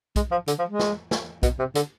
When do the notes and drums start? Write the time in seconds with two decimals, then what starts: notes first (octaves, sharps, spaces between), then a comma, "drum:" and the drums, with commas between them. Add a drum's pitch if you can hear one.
0.16 G#3, drum: kick, hi-hat
0.31 F3
0.48 D3, drum: hi-hat
0.59 F3
0.69 G#3
0.79 drum: snare
1.11 drum: snare
1.43 B2, drum: kick, hi-hat
1.59 C3
1.75 D3, drum: hi-hat